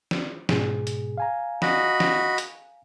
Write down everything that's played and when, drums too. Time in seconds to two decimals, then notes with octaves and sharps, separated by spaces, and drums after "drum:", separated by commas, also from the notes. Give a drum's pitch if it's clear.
0.11 drum: snare
0.49 G#2 B2 G#4, drum: snare
0.87 drum: hi-hat
1.18 F5 G#5 A#5
1.62 F#4 D#5 B5, drum: snare
2.00 drum: snare
2.38 drum: hi-hat